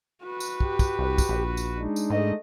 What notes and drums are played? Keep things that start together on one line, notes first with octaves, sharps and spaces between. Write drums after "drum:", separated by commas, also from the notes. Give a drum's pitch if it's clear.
F#4 B4
drum: tambourine
G4, drum: kick
drum: kick, tambourine
C2
drum: kick, tambourine
A#1
drum: tambourine
G#3 D4 D#4
drum: tambourine
G#2 A3 D#5